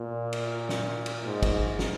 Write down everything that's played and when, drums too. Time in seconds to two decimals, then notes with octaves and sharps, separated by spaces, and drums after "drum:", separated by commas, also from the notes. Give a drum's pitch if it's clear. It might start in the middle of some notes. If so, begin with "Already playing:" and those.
Already playing: A#2
0.33 drum: cymbal
0.69 drum: snare
1.06 drum: cymbal
1.24 G#2
1.42 drum: kick, cymbal
1.79 drum: snare